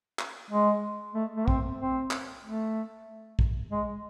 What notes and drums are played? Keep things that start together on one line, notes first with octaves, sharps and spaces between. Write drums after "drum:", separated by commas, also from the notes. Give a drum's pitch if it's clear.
drum: clap
G#3
A3
A3
C4, drum: kick
C4
drum: clap
A3
drum: kick
G#3